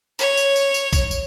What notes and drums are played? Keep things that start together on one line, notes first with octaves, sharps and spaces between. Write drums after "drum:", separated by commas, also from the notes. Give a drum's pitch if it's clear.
C#5, drum: tambourine
drum: tambourine
drum: tambourine
drum: tambourine
drum: kick A#1, tambourine
drum: tambourine